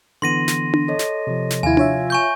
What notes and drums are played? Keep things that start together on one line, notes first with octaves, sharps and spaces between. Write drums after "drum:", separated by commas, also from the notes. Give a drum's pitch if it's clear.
D3 E3 B3 C6 A#6 D#7
drum: snare
drum: tom D4
A4 C#5 D#5
drum: snare
C3 F3
drum: snare
D#2 E4 F5 G#5 G#6
F4 C#5 E5, drum: tom D4
G#5 C#6 G6